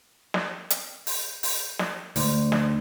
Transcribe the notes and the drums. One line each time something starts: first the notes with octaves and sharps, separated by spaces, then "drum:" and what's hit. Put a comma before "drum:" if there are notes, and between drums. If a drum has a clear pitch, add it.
drum: snare
drum: hi-hat
drum: open hi-hat
drum: open hi-hat
drum: snare
D2, drum: open hi-hat
drum: snare